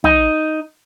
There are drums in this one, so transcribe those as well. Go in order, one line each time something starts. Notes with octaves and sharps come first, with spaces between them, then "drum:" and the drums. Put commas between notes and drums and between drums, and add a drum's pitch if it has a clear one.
D#4, drum: tom